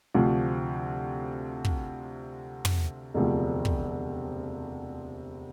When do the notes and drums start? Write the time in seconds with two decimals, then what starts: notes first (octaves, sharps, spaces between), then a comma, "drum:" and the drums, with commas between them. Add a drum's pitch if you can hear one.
0.15 D2 C3 F3
1.65 drum: kick
2.65 drum: tom
3.14 E1 D2 C3 F3
3.65 drum: kick